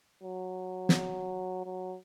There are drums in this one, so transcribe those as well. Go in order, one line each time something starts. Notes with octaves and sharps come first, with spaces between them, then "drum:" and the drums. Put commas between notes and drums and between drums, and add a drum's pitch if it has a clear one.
F#3
drum: snare
F#3